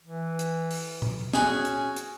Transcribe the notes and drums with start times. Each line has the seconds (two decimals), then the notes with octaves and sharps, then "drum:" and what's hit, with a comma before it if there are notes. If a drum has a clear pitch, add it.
0.03 E3
0.39 drum: hi-hat
0.71 drum: open hi-hat
1.02 drum: tom A#2
1.33 C#4 F#4 G#4, drum: snare
1.65 drum: hi-hat
1.96 drum: hi-hat